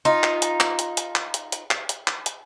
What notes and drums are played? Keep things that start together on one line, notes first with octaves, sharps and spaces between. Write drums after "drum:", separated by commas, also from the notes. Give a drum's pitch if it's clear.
D#4 F4
drum: clap
drum: hi-hat
drum: clap
drum: hi-hat
drum: hi-hat
drum: clap
drum: hi-hat
drum: hi-hat
drum: clap
drum: hi-hat
drum: clap
drum: hi-hat